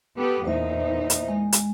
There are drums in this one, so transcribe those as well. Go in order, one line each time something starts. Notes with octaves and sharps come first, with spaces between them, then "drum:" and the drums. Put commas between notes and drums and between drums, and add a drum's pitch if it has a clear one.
B3 G4 A4
E2 A#2 D#4 C5 E5
drum: hi-hat
G#3
drum: hi-hat